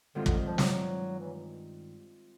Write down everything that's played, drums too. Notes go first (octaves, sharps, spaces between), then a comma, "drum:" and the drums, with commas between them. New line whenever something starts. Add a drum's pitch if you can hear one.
G2 D3 D#3 G#3 C4 F4
D3, drum: kick
F3
F#3, drum: snare
E3